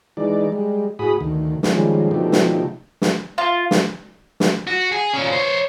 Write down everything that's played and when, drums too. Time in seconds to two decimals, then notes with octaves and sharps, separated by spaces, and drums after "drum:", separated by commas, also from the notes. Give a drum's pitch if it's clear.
0.17 E3 G#3 D#4 D5
0.52 G3 G#3
0.99 A2 F#4 G#4 B5 D#6
1.21 D2 D#3
1.63 drum: snare
1.72 D#3 F3 G3 G#3 A#3 C#4
2.11 B2 D3 F3 A3 D#4 G4
2.32 drum: snare
3.02 drum: snare
3.38 F4
3.71 drum: snare
4.40 drum: snare
4.67 F#4
4.92 G#4
5.13 A#2 C#4
5.32 C5 C#5